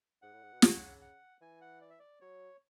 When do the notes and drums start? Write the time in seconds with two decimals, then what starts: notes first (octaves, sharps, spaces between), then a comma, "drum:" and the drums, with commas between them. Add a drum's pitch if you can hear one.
0.22 G#2 F#5
0.33 A2
0.42 G#2
0.53 B2
0.62 C#3, drum: snare
1.01 F#5
1.41 E3 G#5
1.61 F#5
1.81 D5
1.90 E5
1.99 D5
2.21 F#3 C#5